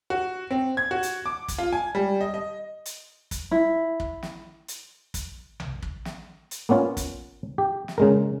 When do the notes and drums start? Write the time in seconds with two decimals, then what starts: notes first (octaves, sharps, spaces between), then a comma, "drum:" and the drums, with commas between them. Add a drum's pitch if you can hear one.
0.10 F#4
0.51 C4
0.77 G#6
0.91 F#4
1.03 drum: hi-hat
1.26 D6
1.48 drum: kick, hi-hat
1.58 F4
1.73 G#5
1.95 G3
2.21 D#5
2.34 D#5
2.85 drum: hi-hat
3.31 drum: kick, hi-hat
3.51 E4
4.00 drum: kick
4.23 drum: snare
4.68 drum: hi-hat
5.14 drum: kick, hi-hat
5.60 drum: tom A#1
5.82 drum: kick
6.05 drum: snare
6.51 drum: hi-hat
6.69 A#3 B3 C#4 F4
6.97 drum: kick, hi-hat
7.58 G4
7.88 drum: snare
7.98 C#3 G#3 A#4